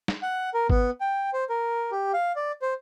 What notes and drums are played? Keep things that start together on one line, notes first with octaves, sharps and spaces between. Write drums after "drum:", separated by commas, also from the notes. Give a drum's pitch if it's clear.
drum: snare
F#5
A#4
B3, drum: kick G#1
G5
C5
A#4
G4
F5
D5
C5